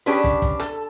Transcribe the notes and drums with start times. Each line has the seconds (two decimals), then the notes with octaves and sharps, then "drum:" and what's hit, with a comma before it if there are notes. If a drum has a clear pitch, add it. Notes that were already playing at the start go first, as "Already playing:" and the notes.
0.06 C#4 D4 G4 G#4 B4, drum: hi-hat
0.24 drum: kick, hi-hat
0.42 drum: kick, hi-hat
0.60 A4, drum: rim click